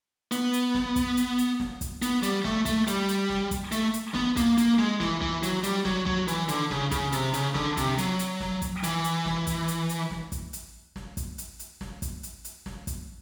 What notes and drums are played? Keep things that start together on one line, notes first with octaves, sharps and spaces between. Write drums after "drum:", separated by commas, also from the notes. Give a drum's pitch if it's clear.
B3, drum: hi-hat
drum: hi-hat
drum: snare
drum: kick, hi-hat
drum: hi-hat
drum: hi-hat
drum: snare
drum: kick, hi-hat
B3, drum: hi-hat
G3, drum: hi-hat
A3, drum: snare
A3, drum: kick, hi-hat
G3, drum: hi-hat
drum: hi-hat
drum: snare
drum: kick, hi-hat
A3, drum: hi-hat
drum: hi-hat
B3, drum: snare
A#3, drum: kick, hi-hat
A#3, drum: hi-hat
G#3
E3, drum: snare
E3, drum: kick
F#3, drum: hi-hat
G3, drum: hi-hat
F#3, drum: snare
F#3, drum: kick
E3, drum: hi-hat
D3, drum: hi-hat
C#3, drum: snare
C#3, drum: kick, hi-hat
C3, drum: hi-hat
C#3, drum: hi-hat
D3, drum: snare
C3, drum: kick, hi-hat
F#3, drum: hi-hat
drum: hi-hat
drum: snare
drum: kick, hi-hat
E3, drum: hi-hat
drum: hi-hat
drum: snare
drum: kick, hi-hat
drum: hi-hat
drum: hi-hat
drum: snare
drum: kick, hi-hat
drum: hi-hat
drum: snare
drum: kick, hi-hat
drum: hi-hat
drum: hi-hat
drum: snare
drum: kick, hi-hat
drum: hi-hat
drum: hi-hat
drum: snare
drum: kick, hi-hat